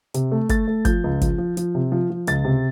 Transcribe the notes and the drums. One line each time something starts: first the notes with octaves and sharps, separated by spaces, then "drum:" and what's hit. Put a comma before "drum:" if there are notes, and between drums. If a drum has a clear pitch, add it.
C3, drum: hi-hat
A3
A3 A6, drum: kick, hi-hat
A3
F3 G6, drum: kick, hi-hat
C#2
F3, drum: kick, hi-hat
F3
F3, drum: hi-hat
C3
F3
F3
C#2 A6, drum: hi-hat
C3